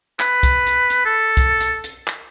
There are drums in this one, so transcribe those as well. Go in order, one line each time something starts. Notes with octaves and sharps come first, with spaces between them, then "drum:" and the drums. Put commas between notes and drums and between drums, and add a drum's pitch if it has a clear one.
B4, drum: clap
drum: kick C2, hi-hat
drum: hi-hat
drum: hi-hat
A4
drum: kick C2, hi-hat
drum: hi-hat
drum: hi-hat
drum: clap